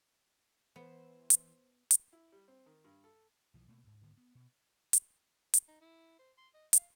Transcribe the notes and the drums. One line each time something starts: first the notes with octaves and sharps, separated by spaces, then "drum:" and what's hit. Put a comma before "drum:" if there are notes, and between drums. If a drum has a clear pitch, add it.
E3 B3 C5
drum: hi-hat
drum: hi-hat
E4
G3
C4
D#3
G2
A4
B1 E3 F3
B2 A3 A#3
D2 G#2
G#2 D3 D#3 B3
B3
B2
drum: hi-hat
drum: hi-hat
D#4
E4
C5
C6
D#5
F5, drum: hi-hat